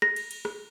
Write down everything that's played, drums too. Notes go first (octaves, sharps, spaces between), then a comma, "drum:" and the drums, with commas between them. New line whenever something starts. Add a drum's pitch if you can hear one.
A#6, drum: rim click
drum: cymbal
drum: cymbal
drum: rim click